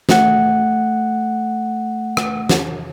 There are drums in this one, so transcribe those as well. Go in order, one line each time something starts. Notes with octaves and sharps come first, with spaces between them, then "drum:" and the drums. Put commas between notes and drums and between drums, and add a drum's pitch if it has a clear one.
A3 F#5, drum: snare
drum: rim click
drum: snare